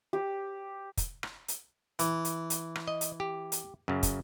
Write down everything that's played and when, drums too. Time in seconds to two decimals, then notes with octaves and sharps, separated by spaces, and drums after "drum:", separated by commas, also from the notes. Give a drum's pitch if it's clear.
0.13 G4
0.97 drum: kick, hi-hat
1.23 drum: rim click
1.48 drum: hi-hat
1.99 E3, drum: hi-hat
2.25 drum: hi-hat
2.50 drum: hi-hat
2.75 drum: rim click
2.88 D#5
3.01 drum: hi-hat
3.20 G4
3.52 drum: hi-hat
3.88 F#2 C#3
4.03 drum: kick, hi-hat